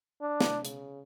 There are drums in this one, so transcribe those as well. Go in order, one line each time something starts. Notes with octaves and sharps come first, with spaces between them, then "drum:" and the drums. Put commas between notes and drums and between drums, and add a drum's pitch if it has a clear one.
D4
drum: snare
C#3, drum: hi-hat